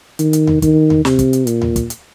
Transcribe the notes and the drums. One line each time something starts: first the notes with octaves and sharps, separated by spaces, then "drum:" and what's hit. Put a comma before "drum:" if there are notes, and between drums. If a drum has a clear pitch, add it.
D#3, drum: hi-hat
drum: hi-hat
drum: tom D#2
D#3, drum: kick, hi-hat
drum: tom D#2
C3, drum: snare
drum: kick, hi-hat
drum: hi-hat
A#2, drum: hi-hat
drum: tom D#2
drum: kick, hi-hat
drum: hi-hat